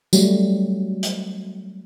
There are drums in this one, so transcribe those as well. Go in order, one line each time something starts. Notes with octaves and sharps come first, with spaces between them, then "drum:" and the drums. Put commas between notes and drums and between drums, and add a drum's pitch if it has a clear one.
F#3 G3 A3, drum: tambourine
drum: hi-hat